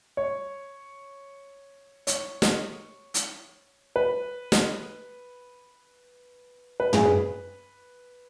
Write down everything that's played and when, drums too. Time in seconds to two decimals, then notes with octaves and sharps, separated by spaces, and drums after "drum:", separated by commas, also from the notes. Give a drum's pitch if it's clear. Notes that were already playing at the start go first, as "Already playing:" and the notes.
0.17 C#5
2.07 C#5, drum: hi-hat
2.42 drum: snare
3.14 drum: hi-hat
3.96 B4
4.52 drum: snare
6.80 B4
6.93 G#4, drum: tom
7.05 B4